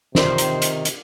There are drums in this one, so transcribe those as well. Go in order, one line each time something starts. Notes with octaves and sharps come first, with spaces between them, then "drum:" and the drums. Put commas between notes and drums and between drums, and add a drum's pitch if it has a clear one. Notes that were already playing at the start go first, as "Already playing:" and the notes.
C3 D#3 F4 A#4 C5 D5, drum: snare
drum: hi-hat
drum: hi-hat
drum: hi-hat